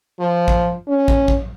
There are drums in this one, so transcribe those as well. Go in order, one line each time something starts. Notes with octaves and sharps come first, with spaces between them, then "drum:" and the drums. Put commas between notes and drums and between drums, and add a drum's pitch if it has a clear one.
F3
drum: kick
C#4
drum: kick
drum: kick